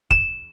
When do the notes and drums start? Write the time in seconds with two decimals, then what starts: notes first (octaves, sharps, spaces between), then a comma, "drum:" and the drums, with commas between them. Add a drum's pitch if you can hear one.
0.11 E7, drum: kick